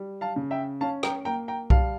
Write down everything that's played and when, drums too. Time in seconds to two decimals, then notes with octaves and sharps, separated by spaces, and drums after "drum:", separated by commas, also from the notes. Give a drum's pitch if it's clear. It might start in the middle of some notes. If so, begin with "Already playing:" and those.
Already playing: G3
0.21 F5 A5
0.36 C#3
0.51 E5 G5
0.81 C#4 F5 A5
1.03 G5 A#5, drum: rim click
1.25 A#3 G5 A#5
1.48 G5 A#5
1.70 G3 F5 A5, drum: kick B1